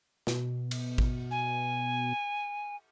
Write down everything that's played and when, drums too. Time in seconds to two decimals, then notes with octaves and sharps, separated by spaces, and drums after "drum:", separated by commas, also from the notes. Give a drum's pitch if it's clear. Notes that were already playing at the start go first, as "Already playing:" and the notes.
0.27 B2, drum: snare
0.71 drum: cymbal
0.98 drum: kick
1.31 G#5